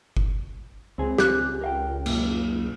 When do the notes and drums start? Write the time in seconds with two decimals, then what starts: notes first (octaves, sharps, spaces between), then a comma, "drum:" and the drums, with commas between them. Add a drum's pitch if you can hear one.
0.17 drum: kick G1
0.98 C#2 C4 G#4
1.18 C#2 G4 F#6, drum: snare
1.61 A#4 F5 G5
2.06 B1 F#2 A#3, drum: cymbal